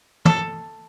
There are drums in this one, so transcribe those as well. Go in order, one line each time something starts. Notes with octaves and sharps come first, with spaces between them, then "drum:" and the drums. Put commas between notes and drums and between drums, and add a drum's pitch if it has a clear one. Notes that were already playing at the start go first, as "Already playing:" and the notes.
A4, drum: tom